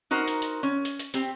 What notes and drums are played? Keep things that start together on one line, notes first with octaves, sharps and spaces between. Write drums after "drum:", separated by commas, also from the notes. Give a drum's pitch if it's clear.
D#4 F#4 A#4 C5
drum: hi-hat
drum: hi-hat
C#4
drum: hi-hat
drum: hi-hat
C4 G4, drum: hi-hat